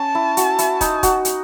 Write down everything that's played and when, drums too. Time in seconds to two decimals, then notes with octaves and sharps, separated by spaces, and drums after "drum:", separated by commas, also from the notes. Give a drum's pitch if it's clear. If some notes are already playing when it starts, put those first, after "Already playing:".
Already playing: C#4 A5
0.15 E4
0.37 F#4, drum: hi-hat
0.59 E4, drum: hi-hat
0.81 D#4, drum: kick, hi-hat
1.03 F#4, drum: kick, hi-hat
1.25 drum: hi-hat